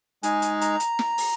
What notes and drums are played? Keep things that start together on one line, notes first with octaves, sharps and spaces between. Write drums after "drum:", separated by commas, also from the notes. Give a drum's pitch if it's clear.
G#3 D#4 G#4 G#5, drum: hi-hat
drum: hi-hat
A#5, drum: hi-hat
drum: hi-hat
drum: snare
drum: open hi-hat